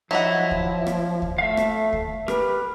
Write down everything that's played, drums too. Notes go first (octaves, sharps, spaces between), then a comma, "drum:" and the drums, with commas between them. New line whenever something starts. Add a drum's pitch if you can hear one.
F3 F#3 D#4 E4 F#5
drum: kick D2
drum: rim click
drum: kick D2
A3 E5 F5
drum: rim click
drum: kick D2
G4 A#4 B4, drum: rim click